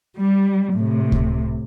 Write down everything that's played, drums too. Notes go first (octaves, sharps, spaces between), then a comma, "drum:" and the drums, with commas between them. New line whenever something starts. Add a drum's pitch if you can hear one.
G3
A2 C3
drum: kick C#2